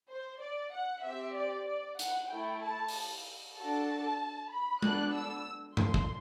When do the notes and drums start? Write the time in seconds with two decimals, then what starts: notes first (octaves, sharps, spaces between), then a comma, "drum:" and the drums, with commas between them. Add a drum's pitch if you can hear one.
0.10 C5
0.41 D5
0.73 F#5
1.04 C4 G4 E5
1.36 D5
1.67 D5
1.99 F#5, drum: hi-hat
2.30 A3 E4 A4 G5
2.62 A5
2.88 drum: open hi-hat
3.56 D4 F#4 A4 A5
4.51 B5
4.82 B3 D4 A4 F#6, drum: tom G#3
5.14 E6
5.77 C6, drum: tom G2
5.94 drum: kick